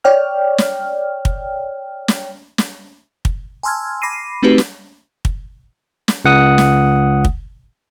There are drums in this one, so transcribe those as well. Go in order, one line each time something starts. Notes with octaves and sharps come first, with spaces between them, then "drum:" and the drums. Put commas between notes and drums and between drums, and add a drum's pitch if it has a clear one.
C#5 D5 G5 F6
drum: snare
drum: kick
drum: snare
drum: snare
drum: kick
G#5 A5 C6 E6 F6 G#6
B5 D6 A#6 C7 D#7
A3 C4 D#4 F#4 G4 B4
drum: snare
drum: kick
drum: snare
C#2 F#5 D#6
drum: snare
drum: kick